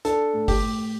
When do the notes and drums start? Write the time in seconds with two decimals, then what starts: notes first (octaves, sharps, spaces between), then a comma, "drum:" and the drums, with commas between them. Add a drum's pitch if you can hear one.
0.05 D4 A4, drum: hi-hat
0.34 A2
0.48 G4, drum: kick G1, open hi-hat
0.62 A2